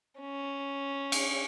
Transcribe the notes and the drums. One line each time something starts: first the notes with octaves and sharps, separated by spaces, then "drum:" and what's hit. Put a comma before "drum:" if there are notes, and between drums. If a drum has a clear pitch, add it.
C#4
drum: cymbal